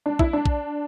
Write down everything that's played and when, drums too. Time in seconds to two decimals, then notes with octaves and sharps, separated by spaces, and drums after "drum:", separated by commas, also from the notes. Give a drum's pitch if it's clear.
0.06 D4
0.19 E4, drum: kick
0.33 D4
0.46 drum: kick